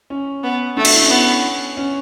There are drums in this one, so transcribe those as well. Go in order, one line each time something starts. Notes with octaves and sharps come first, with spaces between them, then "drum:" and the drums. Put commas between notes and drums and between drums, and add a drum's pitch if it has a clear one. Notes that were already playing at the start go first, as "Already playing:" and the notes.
C#4
B3
A3 D4
F#4, drum: cymbal
E4
C#4
B3
C#4